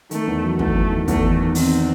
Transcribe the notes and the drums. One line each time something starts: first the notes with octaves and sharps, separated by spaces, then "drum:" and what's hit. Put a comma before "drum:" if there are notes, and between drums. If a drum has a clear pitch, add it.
D#3 A3, drum: hi-hat
E2
F#3
E2 A3, drum: kick
E2
D#3
E2 A3, drum: kick, hi-hat
D#3
D#3
D#3 C4, drum: open hi-hat